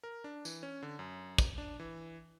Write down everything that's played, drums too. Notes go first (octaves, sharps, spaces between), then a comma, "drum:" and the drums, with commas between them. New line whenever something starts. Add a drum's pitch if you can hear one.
A#4
D4
E3, drum: tambourine
C#4
D3
F#2
drum: kick, tambourine
D4
E3